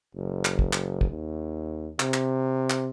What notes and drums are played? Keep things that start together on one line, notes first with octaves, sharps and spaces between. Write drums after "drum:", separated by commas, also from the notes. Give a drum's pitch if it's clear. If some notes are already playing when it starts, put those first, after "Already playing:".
F#1
drum: clap
drum: kick
drum: clap
drum: kick
D#2
C3, drum: clap
drum: clap
drum: clap